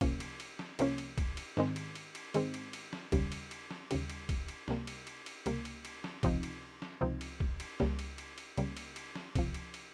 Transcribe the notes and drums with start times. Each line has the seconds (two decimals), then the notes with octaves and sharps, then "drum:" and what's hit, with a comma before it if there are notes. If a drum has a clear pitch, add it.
0.01 C2 C3 F3 A#3 C#4, drum: kick, cymbal
0.20 drum: cymbal
0.40 drum: cymbal
0.59 drum: snare
0.79 C2 C3 F3 A#3 C#4, drum: cymbal
0.98 drum: cymbal
1.18 drum: kick, cymbal
1.37 drum: cymbal
1.57 G#2 D#3 G#3 C4, drum: snare
1.76 drum: cymbal
1.95 drum: cymbal
2.15 drum: cymbal
2.34 G#2 D#3 G#3 C4, drum: cymbal
2.54 drum: cymbal
2.73 drum: cymbal
2.93 drum: snare
3.12 D#2 C#3 G3, drum: kick, cymbal
3.32 drum: cymbal
3.51 drum: cymbal
3.71 drum: snare
3.91 D#2 C#3 G3, drum: cymbal
4.10 drum: cymbal
4.29 drum: kick, cymbal
4.48 drum: cymbal
4.68 C#2 C3 G3 A#3, drum: snare
4.87 drum: cymbal
5.07 drum: cymbal
5.26 drum: cymbal
5.46 C#2 C3 G3 A#3, drum: cymbal
5.65 drum: cymbal
5.85 drum: cymbal
6.04 drum: snare
6.23 C#2 C3 F3 C4 D#4, drum: kick, cymbal
6.43 drum: cymbal
6.82 drum: snare
7.01 C#2 C3 F3 C4 D#4
7.21 drum: cymbal
7.40 drum: kick
7.60 drum: cymbal
7.80 C#2 C#3 G3 A#3, drum: snare
7.99 drum: cymbal
8.18 drum: cymbal
8.38 drum: cymbal
8.57 C#2 C#3 G3 A#3, drum: cymbal
8.77 drum: cymbal
8.96 drum: cymbal
9.16 drum: snare
9.35 C#2 C3 F3, drum: kick, cymbal
9.54 drum: cymbal
9.74 drum: cymbal